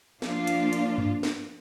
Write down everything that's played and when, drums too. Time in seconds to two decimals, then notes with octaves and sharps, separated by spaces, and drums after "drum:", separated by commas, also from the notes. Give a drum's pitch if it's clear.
0.22 F3 A#3 D4 F4, drum: snare
0.47 drum: hi-hat
0.73 drum: hi-hat
0.98 drum: tom G2
1.23 drum: snare